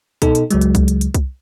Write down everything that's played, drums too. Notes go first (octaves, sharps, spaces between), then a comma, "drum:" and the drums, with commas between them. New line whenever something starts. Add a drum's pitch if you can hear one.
B2 D#4 A4, drum: kick C2, hi-hat
drum: hi-hat
C#2 F#3 G#3, drum: hi-hat
drum: hi-hat
drum: kick C2, hi-hat
drum: hi-hat
drum: hi-hat
drum: kick C2, hi-hat